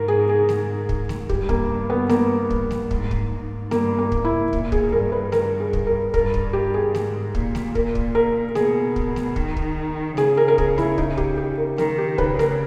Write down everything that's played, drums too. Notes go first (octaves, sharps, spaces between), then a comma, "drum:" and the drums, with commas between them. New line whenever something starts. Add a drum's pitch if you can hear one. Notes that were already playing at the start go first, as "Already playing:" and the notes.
Already playing: G#2 A#4
G#4
G#4
drum: snare A3
drum: kick
drum: snare A3
G2 G4, drum: kick
A#3, drum: kick
B3
A#3, drum: snare A3
drum: kick
drum: snare A3
G#2, drum: kick
drum: kick
G#2
G2 A#3, drum: snare A3
A#3
G#2, drum: kick
E4
A#2, drum: kick
G#4, drum: kick
G2 A#4
B4
A#4, drum: snare A3
G#4
drum: kick
A#4
G2 A#4, drum: kick
drum: kick
G4
G#4
G#2, drum: snare A3
A#2, drum: kick
drum: snare A3
A#4, drum: kick
drum: kick
A#4
B2 G#4, drum: snare A3
drum: kick
drum: snare A3
D#3, drum: kick
drum: kick
C#3 G#4, drum: snare A3
A#4
A#4
G#4, drum: kick
E4, drum: snare A3
D#4, drum: kick
G4, drum: kick
G4
A#4
D#3 A#4, drum: snare A3
G4
C#3 B4, drum: kick
A#4, drum: snare A3